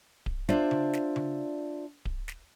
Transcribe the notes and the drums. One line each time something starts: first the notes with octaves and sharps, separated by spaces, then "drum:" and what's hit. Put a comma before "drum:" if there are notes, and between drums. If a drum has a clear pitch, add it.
drum: kick D1
D4 F4 C5 D5 E5, drum: snare
drum: tom C#3
drum: snare
drum: tom C#3
drum: kick D1
drum: snare